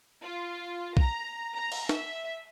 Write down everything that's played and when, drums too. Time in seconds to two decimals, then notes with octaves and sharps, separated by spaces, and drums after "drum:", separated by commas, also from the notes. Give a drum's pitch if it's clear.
0.22 F4
0.97 A#5, drum: kick B1
1.53 A#5
1.72 drum: cymbal
1.89 E5, drum: snare